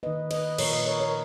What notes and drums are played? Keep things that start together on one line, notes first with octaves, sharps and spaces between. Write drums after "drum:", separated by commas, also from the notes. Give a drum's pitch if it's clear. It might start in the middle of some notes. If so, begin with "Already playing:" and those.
D#3 A#3 B4 D#5
B4 D#5, drum: cymbal
A#2 F3 A#3 A#4 C#5, drum: cymbal
B4 D#5
A#4 C#5
A#4 C#5